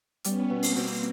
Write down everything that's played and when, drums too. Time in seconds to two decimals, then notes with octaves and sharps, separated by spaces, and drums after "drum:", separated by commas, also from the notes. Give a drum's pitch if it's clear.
0.24 G3 B3 C#4, drum: hi-hat
0.50 B2
0.63 A#3 C4, drum: open hi-hat
0.75 B2